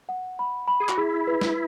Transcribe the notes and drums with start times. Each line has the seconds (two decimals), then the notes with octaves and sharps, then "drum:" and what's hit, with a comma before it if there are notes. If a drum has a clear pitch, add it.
0.09 F#5
0.39 B5
0.68 B5
0.80 G#4
0.89 F#4, drum: clap
0.98 E4 G#4
1.27 B4
1.41 drum: snare